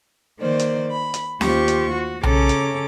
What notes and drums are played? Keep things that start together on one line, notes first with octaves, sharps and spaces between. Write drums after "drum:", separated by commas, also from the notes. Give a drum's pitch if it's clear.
D#3 A#3 C5 D5
drum: hi-hat
B5
drum: hi-hat
D#2 F4 G4 C5 C#6, drum: snare C#4
drum: hi-hat
F#4
C#3 C#4 A4 C#5 A#5 D6, drum: tom B1
drum: hi-hat